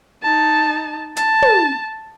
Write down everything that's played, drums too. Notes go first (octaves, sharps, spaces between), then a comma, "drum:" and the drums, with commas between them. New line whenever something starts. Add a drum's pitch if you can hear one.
D#4 A5
A5, drum: hi-hat
drum: tom